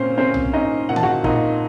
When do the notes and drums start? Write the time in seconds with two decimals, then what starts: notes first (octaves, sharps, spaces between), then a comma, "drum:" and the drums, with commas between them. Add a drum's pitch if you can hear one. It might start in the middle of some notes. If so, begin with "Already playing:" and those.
Already playing: A#2 A#3 C4 C#4 C5
0.18 C4 C#4 C5
0.34 drum: tom
0.53 C#4 D#4 D#5
0.89 A#2 F#5
0.96 A5, drum: tom D3
1.03 F#4 F#5
1.24 A#2 D#4 D#5, drum: kick